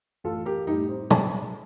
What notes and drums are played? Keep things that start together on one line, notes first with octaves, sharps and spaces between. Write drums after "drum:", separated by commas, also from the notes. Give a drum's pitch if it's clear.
A1 F4 A4
G4 A#4
A2 G3 D#4 G4
C4
drum: tom